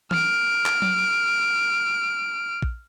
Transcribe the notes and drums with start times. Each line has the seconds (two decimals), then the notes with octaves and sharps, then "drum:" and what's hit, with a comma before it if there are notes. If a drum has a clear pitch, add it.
0.11 F6 D7, drum: tom E3
0.66 drum: clap
0.82 drum: tom F#3
2.62 drum: kick